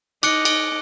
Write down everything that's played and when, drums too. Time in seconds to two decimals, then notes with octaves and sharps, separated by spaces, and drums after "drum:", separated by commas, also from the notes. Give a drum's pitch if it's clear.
0.23 D#4 D6 F#6 C#7, drum: cymbal
0.45 drum: cymbal